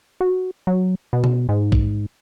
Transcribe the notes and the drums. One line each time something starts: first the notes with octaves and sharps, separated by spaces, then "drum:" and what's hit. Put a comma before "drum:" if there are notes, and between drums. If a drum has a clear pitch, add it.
F#4
F#3
B2
drum: tom B2
G#2
drum: kick